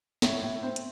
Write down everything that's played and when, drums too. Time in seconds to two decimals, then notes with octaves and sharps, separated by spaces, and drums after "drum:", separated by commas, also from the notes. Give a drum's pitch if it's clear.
0.22 A2 C#5, drum: snare
0.43 A2
0.63 C4 C5
0.76 drum: hi-hat